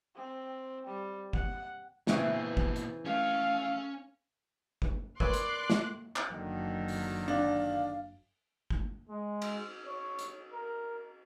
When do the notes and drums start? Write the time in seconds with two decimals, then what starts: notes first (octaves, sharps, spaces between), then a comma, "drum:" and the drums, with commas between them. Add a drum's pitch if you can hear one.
0.15 C4
0.87 G3
1.33 F#5, drum: kick
2.07 A#2 C#3 E3 B3 C4, drum: snare
2.57 drum: kick
2.76 drum: hi-hat
3.05 A3 C#4 F5
4.82 drum: kick
5.20 A#4 B4 C#5 D5 C6 D6 F#6, drum: kick
5.34 drum: hi-hat
5.70 drum: snare
6.16 drum: clap
6.30 F#1 D3 D#3 F#3
6.88 drum: open hi-hat
7.28 D4 F5
8.70 drum: kick
9.09 G#3
9.42 drum: cymbal
9.87 C#5
10.19 drum: hi-hat
10.54 A#4